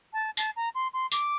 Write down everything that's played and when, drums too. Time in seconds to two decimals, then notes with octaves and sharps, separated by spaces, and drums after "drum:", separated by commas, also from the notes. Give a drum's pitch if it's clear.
0.13 A5
0.37 A5, drum: tambourine
0.56 A#5
0.74 C6
0.93 C6
1.12 D6, drum: tambourine